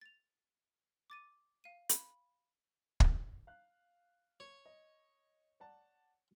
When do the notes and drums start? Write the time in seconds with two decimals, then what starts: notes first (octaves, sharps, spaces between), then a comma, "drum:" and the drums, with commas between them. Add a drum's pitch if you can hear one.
0.01 A6 F7
1.10 D6 A6 D#7
1.64 F5 D#7
1.89 B5, drum: hi-hat
3.00 drum: kick
3.47 F5 F#6
4.40 C#5
4.66 D#5
5.60 D5 F#5 A5